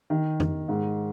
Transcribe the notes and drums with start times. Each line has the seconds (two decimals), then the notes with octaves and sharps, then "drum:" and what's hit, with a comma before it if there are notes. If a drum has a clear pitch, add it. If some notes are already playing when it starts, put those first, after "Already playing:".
0.10 D#3
0.40 D#3, drum: tom F2
0.68 G#2